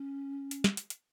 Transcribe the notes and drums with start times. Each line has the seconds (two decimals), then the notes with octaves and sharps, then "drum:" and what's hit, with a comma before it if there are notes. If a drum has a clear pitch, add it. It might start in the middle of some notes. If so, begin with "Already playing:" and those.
Already playing: C#4
0.51 drum: hi-hat
0.64 drum: snare
0.77 drum: hi-hat
0.90 drum: hi-hat